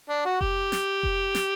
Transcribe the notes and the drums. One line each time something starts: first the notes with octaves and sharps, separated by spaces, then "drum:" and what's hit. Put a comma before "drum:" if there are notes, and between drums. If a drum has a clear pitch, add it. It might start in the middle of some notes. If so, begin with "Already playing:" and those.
D4
F#4
G4, drum: kick F1
drum: snare
drum: kick F1
drum: snare